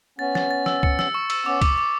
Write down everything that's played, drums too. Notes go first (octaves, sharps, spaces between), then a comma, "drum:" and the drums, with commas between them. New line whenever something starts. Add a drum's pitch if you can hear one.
B3 C#4 A6
A6, drum: snare
A6
E6, drum: snare
C#7, drum: kick C#2
E6, drum: snare
C#6
E6, drum: cymbal
B3 C#4 D6
D6, drum: kick C#2, cymbal
D6